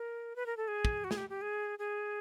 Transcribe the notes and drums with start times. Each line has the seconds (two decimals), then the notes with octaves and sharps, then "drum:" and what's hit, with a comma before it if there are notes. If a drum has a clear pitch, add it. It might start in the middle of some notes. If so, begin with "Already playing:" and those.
Already playing: A#4
0.36 B4
0.46 A#4
0.57 A4
0.68 G#4
0.85 drum: kick
1.04 F#4
1.11 G#4, drum: snare
1.17 G4
1.30 G4
1.42 G#4
1.79 G#4